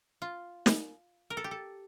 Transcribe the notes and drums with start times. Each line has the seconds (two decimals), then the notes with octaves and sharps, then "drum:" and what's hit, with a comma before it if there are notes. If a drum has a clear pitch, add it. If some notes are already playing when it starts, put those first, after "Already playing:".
0.22 F4
0.66 drum: snare
1.30 A#4
1.37 A4
1.44 G4
1.51 A4